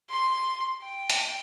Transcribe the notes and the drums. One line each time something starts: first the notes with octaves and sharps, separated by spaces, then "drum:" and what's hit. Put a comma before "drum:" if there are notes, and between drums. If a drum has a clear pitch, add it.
C6
G5
drum: hi-hat